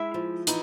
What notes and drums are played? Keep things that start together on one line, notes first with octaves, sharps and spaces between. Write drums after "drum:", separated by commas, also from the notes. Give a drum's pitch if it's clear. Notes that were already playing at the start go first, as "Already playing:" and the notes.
Already playing: G#3 E4 E5
F3
E3 D#4, drum: hi-hat